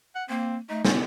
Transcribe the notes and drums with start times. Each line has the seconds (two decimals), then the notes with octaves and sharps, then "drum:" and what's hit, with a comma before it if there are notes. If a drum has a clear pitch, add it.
0.15 F#5
0.29 A#3 C4
0.69 A3 D#4
0.85 B3 C#4, drum: snare